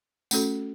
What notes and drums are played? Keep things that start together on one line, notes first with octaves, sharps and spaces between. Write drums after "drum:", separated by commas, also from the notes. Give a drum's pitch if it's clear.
A3 C#4 F#4 A4, drum: tambourine